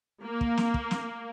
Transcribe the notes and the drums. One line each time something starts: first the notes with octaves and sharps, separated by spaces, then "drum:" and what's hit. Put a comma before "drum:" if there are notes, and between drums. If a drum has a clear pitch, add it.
A#3
drum: kick
drum: snare
drum: kick
drum: snare